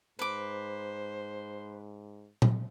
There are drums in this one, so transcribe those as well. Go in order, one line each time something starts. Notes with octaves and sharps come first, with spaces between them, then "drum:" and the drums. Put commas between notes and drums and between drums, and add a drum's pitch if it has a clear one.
G#2 B4 C5 D6
drum: tom A#2